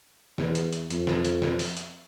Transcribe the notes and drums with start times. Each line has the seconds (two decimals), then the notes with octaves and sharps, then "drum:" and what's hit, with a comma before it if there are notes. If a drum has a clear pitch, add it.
0.38 E2, drum: snare
0.55 drum: hi-hat
0.73 drum: hi-hat
0.90 F2, drum: hi-hat
1.07 drum: snare
1.25 drum: hi-hat
1.42 drum: snare
1.59 drum: open hi-hat
1.77 drum: hi-hat